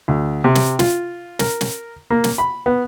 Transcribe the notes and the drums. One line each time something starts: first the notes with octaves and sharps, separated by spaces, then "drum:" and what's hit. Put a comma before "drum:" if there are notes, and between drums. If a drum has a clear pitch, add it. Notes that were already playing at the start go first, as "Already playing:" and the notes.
D2
C3
drum: snare
F4, drum: snare
A#4, drum: snare
drum: snare
A#3
drum: snare
B5
B3